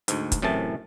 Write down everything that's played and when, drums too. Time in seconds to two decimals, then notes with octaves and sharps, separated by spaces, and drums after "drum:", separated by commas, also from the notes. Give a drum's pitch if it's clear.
0.08 D2 G#2, drum: hi-hat
0.32 drum: kick, hi-hat
0.42 F#2 A2 C3 E3 A5